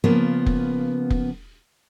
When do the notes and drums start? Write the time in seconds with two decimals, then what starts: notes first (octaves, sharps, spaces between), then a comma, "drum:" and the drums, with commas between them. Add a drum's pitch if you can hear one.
0.04 C#3 F3 A#3 B3
0.46 drum: kick F1
1.10 drum: kick F1